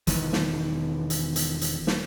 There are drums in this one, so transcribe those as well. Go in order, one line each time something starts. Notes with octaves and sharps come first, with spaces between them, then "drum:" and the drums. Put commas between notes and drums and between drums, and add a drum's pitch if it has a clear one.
E1 D#3 E3 B3, drum: hi-hat
drum: snare
drum: hi-hat
drum: hi-hat
drum: hi-hat
drum: snare